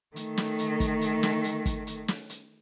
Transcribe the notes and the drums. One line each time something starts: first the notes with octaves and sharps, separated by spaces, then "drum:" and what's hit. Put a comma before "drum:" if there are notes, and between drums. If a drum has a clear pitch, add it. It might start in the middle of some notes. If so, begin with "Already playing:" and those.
D#3 A3, drum: hi-hat
drum: snare
drum: hi-hat
drum: kick, hi-hat
drum: hi-hat
drum: snare
drum: hi-hat
drum: kick, hi-hat
drum: hi-hat
drum: snare
drum: hi-hat